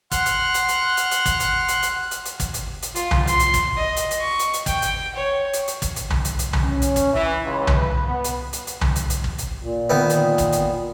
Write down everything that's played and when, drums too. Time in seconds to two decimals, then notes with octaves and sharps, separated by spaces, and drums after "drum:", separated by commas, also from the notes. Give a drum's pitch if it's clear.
0.11 F#5 C6 F6 F#6, drum: kick, hi-hat
0.26 drum: hi-hat
0.54 drum: hi-hat
0.69 drum: hi-hat
0.97 drum: hi-hat
1.11 drum: hi-hat
1.26 drum: kick, hi-hat
1.40 drum: hi-hat
1.68 drum: hi-hat
1.83 drum: hi-hat
2.11 drum: hi-hat
2.25 drum: hi-hat
2.40 drum: kick, hi-hat
2.54 drum: hi-hat
2.82 drum: hi-hat
2.95 F4, drum: hi-hat
3.11 drum: tom C2
3.27 C6, drum: hi-hat
3.39 drum: hi-hat
3.54 drum: kick, hi-hat
3.77 D#5
3.96 drum: hi-hat
4.11 drum: hi-hat
4.21 C#6
4.39 drum: hi-hat
4.54 drum: hi-hat
4.66 G5, drum: kick, hi-hat
4.82 drum: hi-hat
5.16 C#5
5.53 drum: hi-hat
5.68 drum: hi-hat
5.82 drum: kick, hi-hat
5.96 drum: hi-hat
6.10 drum: tom C2
6.25 drum: hi-hat
6.39 drum: hi-hat
6.53 drum: tom C2
6.63 C#4
6.82 drum: hi-hat
6.96 drum: kick, hi-hat
7.13 E3
7.45 C#2
7.67 drum: tom C2
7.76 B4
8.07 B3
8.24 drum: hi-hat
8.53 drum: hi-hat
8.67 drum: hi-hat
8.81 drum: tom C2
8.96 drum: hi-hat
9.10 drum: hi-hat
9.24 drum: kick
9.38 drum: hi-hat
9.63 A#2
9.90 D#3 B3
10.10 drum: hi-hat
10.38 drum: kick, hi-hat
10.52 drum: hi-hat